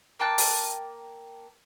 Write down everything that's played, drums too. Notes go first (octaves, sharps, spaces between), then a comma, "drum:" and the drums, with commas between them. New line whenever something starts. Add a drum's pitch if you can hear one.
A#3 G5 A5 F#6
drum: open hi-hat